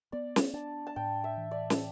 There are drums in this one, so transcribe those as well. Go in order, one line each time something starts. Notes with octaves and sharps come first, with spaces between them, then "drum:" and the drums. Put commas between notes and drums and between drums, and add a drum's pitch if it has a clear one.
B3 D5
drum: snare
D4 A5
A5
A2 G5
E5
E3
D5
drum: snare